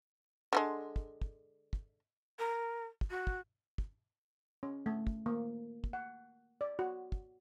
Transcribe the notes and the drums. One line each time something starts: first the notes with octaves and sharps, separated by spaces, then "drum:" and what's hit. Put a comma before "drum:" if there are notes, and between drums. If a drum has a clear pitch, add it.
D3 F3 G#3
drum: kick
drum: kick
drum: kick
A#4
drum: kick
F#4
drum: kick
drum: kick
C#4
A3
drum: kick
A#3
drum: kick
F#5
D5
F#4
drum: kick